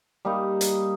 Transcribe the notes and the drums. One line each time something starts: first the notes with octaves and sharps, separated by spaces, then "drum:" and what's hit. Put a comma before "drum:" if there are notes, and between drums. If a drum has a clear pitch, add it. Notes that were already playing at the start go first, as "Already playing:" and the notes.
G3 A#3 D#4
drum: hi-hat